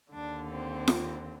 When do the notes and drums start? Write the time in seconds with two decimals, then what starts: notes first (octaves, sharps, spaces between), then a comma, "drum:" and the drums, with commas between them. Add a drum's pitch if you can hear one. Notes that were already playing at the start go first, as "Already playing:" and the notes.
0.14 D#2 D3 D4
0.51 C4
0.88 drum: snare F4